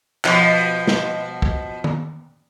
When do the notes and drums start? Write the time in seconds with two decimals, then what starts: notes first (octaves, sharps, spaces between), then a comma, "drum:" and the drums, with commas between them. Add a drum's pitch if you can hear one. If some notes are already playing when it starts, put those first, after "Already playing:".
0.25 B2 F3, drum: clap
0.87 drum: snare
1.42 drum: kick
1.84 drum: tom D#3